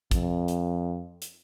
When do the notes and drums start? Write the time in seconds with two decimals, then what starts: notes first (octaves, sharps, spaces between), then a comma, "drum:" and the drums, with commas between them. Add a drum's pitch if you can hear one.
0.11 F2, drum: kick, hi-hat
0.48 drum: hi-hat
1.22 drum: hi-hat